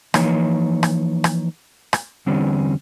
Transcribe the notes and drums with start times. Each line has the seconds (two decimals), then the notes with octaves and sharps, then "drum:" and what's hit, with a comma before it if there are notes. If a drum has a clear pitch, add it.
0.14 E3 F3 A#3 D#4 C#5, drum: rim click
0.83 drum: rim click
1.24 drum: rim click
1.93 drum: rim click
2.26 E2 D3 G3 C4 C#4